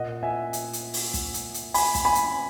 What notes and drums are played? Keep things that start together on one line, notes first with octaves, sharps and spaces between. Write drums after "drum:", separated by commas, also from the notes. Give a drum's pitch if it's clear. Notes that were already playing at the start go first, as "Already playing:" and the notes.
Already playing: A#2 D#5 F#5
E5 G#5
drum: hi-hat
drum: hi-hat
drum: open hi-hat
drum: kick, hi-hat
drum: hi-hat
drum: hi-hat
G#5 B5, drum: open hi-hat
drum: kick, hi-hat
G#5 B5
drum: hi-hat